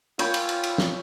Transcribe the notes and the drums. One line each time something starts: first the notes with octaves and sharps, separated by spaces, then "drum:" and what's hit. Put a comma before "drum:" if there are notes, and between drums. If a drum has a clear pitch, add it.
F4 C#5 G5 B5, drum: cymbal
drum: cymbal
drum: cymbal
drum: cymbal
drum: snare